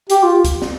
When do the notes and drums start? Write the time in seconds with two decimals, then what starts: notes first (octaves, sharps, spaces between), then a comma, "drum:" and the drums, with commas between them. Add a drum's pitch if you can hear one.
0.10 G4, drum: hi-hat
0.23 F4
0.44 drum: kick C#2, hi-hat
0.62 drum: snare